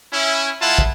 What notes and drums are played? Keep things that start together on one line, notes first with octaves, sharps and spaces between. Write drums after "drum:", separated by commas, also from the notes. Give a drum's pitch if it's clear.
C#4 E4
G#3 E4 F4 F#5 A5
drum: kick